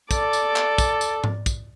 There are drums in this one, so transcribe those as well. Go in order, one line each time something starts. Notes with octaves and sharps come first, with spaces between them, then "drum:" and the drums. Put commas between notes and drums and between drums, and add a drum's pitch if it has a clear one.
A4 D5 D6, drum: kick, tambourine
drum: tambourine
drum: clap
drum: kick, tambourine
drum: tambourine
drum: tom G#2
drum: kick, tambourine